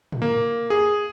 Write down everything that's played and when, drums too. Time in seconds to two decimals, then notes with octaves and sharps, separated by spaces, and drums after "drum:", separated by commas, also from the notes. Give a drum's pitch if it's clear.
0.12 drum: tom A2
0.22 A#3
0.70 G#4